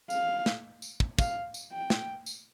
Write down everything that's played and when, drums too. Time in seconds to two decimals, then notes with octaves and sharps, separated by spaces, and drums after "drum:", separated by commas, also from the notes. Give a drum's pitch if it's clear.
0.10 F5, drum: tambourine
0.46 drum: snare
0.82 drum: tambourine
1.00 drum: kick
1.19 F5, drum: kick, tambourine
1.54 drum: tambourine
1.73 G5
1.90 drum: snare
2.26 drum: tambourine